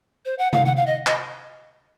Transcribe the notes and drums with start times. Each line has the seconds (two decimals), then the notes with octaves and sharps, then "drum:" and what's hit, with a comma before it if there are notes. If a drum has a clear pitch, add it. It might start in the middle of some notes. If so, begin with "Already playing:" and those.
0.25 C5
0.39 F#5
0.53 F5, drum: tom C3
0.65 F#5
0.76 F5
0.87 D#5
1.07 D#5, drum: clap